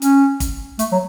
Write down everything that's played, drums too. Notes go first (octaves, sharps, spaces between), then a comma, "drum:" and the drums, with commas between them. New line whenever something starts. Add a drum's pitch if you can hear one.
C#4, drum: hi-hat
drum: kick, hi-hat
A3, drum: hi-hat
F#3